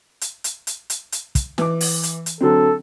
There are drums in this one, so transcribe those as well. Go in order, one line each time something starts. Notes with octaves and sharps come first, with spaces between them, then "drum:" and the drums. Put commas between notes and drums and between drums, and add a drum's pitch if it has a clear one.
drum: hi-hat
drum: hi-hat
drum: hi-hat
drum: hi-hat
drum: hi-hat
drum: kick, hi-hat
E3 D6, drum: snare
drum: open hi-hat
drum: hi-hat
drum: hi-hat
D3 F#3 C4 A4